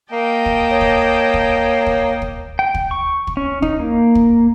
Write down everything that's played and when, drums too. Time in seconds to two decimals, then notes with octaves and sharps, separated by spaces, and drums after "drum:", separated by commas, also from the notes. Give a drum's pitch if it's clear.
0.12 A#3 D#5 G5 A5
0.46 drum: kick
0.71 C#5
0.81 drum: kick
1.34 drum: kick
1.86 drum: kick
2.22 drum: kick
2.59 G5
2.74 drum: kick
2.91 C#6
3.27 drum: kick
3.37 C#4
3.62 D#4, drum: kick
3.80 A#3
4.15 drum: kick